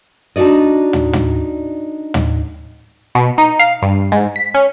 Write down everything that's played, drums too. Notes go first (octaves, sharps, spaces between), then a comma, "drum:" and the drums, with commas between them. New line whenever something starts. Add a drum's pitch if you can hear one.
D4 D#4 F#4 D5 D#5
drum: tom
drum: tom
drum: tom
B2
D#4
F5
G2
G#2
B6
C#4